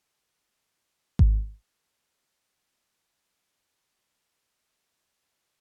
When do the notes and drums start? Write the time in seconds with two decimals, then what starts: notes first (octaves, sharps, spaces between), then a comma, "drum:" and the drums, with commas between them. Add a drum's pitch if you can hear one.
0.12 E3
0.31 G3
0.50 G3
0.61 E3
0.71 D3
0.82 E3
1.19 drum: kick G#1
2.16 A2
2.24 D3
2.30 B2
2.44 G3
2.58 E3
2.72 E3
2.85 D3
3.00 E3
3.13 A3
3.27 A3
3.46 G3
3.65 E3
3.84 E3
4.11 D3
4.38 A2
4.56 B2
4.75 E3
4.94 G2
5.08 A2
5.22 G2
5.36 A2